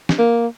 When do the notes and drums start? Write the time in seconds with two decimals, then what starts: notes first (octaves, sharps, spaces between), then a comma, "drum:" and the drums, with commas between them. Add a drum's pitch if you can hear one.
0.09 drum: snare
0.19 A#3